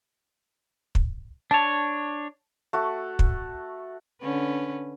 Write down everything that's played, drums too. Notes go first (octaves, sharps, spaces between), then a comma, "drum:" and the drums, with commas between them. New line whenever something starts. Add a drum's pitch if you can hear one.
drum: kick
D4 C#5 A5
A3 F#4
drum: kick
D3 C#4 B4